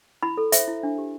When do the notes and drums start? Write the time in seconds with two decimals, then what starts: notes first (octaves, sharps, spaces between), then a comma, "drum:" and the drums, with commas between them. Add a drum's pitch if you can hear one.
0.23 E4 B5
0.38 A4
0.52 C5 E5, drum: hi-hat
0.68 E4
0.83 D4
0.98 G4